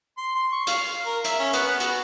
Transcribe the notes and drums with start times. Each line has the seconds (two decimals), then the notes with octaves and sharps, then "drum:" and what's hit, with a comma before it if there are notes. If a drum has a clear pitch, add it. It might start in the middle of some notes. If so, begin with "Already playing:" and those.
0.18 C6
0.35 C6
0.52 C#6
0.67 F5, drum: hi-hat
1.05 A#4
1.24 E5, drum: hi-hat
1.39 C#4
1.53 B3, drum: hi-hat
1.80 F#4, drum: hi-hat